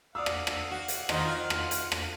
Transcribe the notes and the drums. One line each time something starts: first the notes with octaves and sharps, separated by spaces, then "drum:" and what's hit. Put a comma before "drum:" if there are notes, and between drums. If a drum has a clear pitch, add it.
D5 F5 F#5 D#6 E6
drum: rim click
drum: rim click
F#4
drum: hi-hat
D#3 F3 D#4 C6, drum: rim click
F4 F6
drum: rim click
drum: hi-hat
drum: rim click